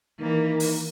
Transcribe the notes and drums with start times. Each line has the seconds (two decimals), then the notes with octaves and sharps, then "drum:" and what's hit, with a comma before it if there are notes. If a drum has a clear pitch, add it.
0.20 D#3 E3 A#3
0.60 drum: open hi-hat